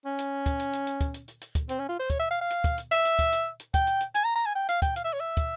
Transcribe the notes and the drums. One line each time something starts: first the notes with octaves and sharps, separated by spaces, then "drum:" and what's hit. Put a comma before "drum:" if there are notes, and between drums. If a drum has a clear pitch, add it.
C#4
drum: hi-hat
drum: kick, hi-hat
drum: hi-hat
drum: hi-hat
drum: hi-hat
drum: kick, hi-hat
drum: hi-hat
drum: hi-hat
drum: hi-hat
drum: kick, hi-hat
C4, drum: hi-hat
C#4
F4
C5
C#5, drum: kick, hi-hat
E5
F5
F5
drum: hi-hat
drum: kick, hi-hat
drum: hi-hat
E5, drum: hi-hat
drum: hi-hat
drum: kick, hi-hat
drum: hi-hat
drum: hi-hat
G5, drum: kick, hi-hat
drum: hi-hat
drum: hi-hat
G#5, drum: hi-hat
A#5
A#5
G#5
G5
F5, drum: hi-hat
G5, drum: kick, hi-hat
F5, drum: hi-hat
E5
C#5
E5
drum: kick, hi-hat